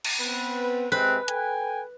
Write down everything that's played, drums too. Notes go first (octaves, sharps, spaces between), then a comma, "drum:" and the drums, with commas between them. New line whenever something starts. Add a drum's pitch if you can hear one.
drum: cymbal
B3 C4 B4
C3 G#3 C4 B4
A4 G5 G#5, drum: hi-hat